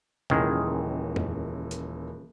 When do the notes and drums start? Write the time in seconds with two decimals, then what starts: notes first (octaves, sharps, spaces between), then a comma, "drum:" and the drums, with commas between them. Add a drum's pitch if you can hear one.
0.30 D#1 C#2 D#3 E3 G#3, drum: tom C3
1.16 drum: tom F2
1.71 drum: hi-hat